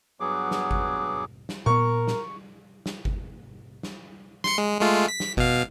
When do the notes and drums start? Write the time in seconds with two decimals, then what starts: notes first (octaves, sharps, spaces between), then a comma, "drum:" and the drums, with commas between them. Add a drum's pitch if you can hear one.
0.20 G2 F#3 B3 G#4 D6
0.51 drum: snare
0.71 drum: kick G1
1.49 drum: snare
1.66 A#2 B3 A#4 C#6
2.08 drum: snare
2.86 drum: snare
3.05 drum: kick G1
3.83 drum: snare
4.44 C6 C#7, drum: snare
4.58 G#3
4.81 G#3 A3 F4
5.08 B6
5.20 drum: snare
5.37 B2 F5, drum: kick G1